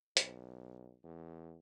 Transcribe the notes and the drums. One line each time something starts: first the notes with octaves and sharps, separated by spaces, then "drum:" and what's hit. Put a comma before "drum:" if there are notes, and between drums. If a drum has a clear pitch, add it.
B1, drum: hi-hat
E2